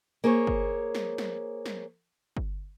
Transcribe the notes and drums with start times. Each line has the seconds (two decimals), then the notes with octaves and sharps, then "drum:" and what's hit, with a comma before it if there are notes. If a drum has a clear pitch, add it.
0.24 A#3 G#4 C5 C#5
0.47 drum: kick G1
0.95 drum: snare
1.18 drum: snare
1.66 drum: snare
2.37 drum: kick G1